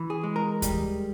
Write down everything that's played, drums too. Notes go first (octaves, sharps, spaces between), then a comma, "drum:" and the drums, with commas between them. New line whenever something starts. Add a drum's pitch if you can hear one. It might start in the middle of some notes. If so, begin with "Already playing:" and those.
Already playing: E3
G#4
G#3
A#4
G3, drum: kick D#2, hi-hat